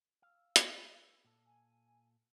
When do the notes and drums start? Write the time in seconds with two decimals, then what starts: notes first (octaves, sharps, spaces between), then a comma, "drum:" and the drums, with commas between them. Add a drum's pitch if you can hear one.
0.22 F5 E6
0.56 drum: hi-hat
1.25 A#2 A4
1.46 G#5